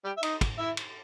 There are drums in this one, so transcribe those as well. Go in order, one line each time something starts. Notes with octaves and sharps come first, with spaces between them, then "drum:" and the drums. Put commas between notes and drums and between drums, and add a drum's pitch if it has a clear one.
G3 G4
E5
D#4 D#5, drum: cymbal
drum: kick, cymbal
E4 E5
drum: cymbal